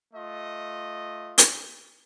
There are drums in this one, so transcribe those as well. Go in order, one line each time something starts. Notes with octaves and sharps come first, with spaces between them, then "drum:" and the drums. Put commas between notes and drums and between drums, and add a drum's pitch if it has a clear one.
A3 F4 D#5
drum: hi-hat